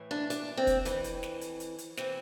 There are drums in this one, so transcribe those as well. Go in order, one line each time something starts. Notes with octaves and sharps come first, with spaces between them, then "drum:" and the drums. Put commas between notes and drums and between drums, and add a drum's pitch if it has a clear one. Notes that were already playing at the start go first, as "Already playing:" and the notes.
Already playing: A2 E3
D4
D4, drum: hi-hat
C4
drum: kick, hi-hat
F2 E3, drum: hi-hat
drum: hi-hat
drum: snare
drum: hi-hat
drum: hi-hat
drum: hi-hat
E3 C4, drum: snare